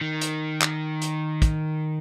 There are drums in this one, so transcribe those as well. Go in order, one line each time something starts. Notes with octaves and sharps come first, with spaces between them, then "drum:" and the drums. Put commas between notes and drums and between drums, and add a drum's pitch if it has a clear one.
D#3
drum: hi-hat
drum: clap
drum: hi-hat
drum: kick, hi-hat